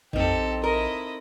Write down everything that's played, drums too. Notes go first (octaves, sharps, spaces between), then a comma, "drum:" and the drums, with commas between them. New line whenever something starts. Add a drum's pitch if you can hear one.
A#1 C4 D#4 G4 A4, drum: tom F2
E4 A#4 D#5